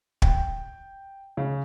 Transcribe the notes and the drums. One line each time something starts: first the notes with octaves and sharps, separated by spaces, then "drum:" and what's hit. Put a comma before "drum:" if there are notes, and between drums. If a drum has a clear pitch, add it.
G5, drum: kick
C#3